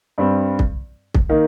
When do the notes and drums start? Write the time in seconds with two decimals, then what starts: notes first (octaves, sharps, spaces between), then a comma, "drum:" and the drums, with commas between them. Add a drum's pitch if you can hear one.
0.18 G2 G3 C4
0.59 drum: kick
1.14 drum: kick
1.29 D#3 A#3 D#4